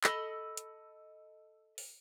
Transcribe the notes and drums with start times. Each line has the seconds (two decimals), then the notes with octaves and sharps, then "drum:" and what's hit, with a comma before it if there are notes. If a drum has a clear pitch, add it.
0.04 A4 D#5 B5 E6, drum: clap
0.57 drum: hi-hat
1.78 drum: open hi-hat